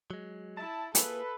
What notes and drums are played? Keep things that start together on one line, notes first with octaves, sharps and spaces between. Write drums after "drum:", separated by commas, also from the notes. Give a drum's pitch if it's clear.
F#3 G#3
E4 A5
A#3 F4 G#4 A4 B4, drum: hi-hat